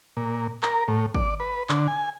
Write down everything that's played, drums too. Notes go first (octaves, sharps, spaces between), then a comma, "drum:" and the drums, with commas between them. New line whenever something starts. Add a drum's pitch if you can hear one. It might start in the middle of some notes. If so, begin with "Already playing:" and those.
A#2
A#4, drum: clap
A2
D5, drum: kick G#1
B4
D3, drum: clap
G#5